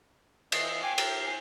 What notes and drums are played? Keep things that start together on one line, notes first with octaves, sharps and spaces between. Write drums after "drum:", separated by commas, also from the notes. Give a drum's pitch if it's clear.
E3 D#5 C7, drum: cymbal
G5 G#5 D6
G4 A#4, drum: cymbal
G#5